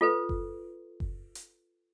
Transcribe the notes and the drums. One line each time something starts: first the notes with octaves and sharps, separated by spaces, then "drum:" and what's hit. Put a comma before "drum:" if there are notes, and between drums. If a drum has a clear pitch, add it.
F4 A4 B4
drum: kick F#1
drum: kick F#1
drum: hi-hat